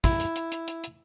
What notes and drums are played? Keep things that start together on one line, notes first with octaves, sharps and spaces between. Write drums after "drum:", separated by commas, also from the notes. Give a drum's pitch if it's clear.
E4, drum: kick, hi-hat
drum: hi-hat
drum: hi-hat
drum: hi-hat
drum: hi-hat
drum: hi-hat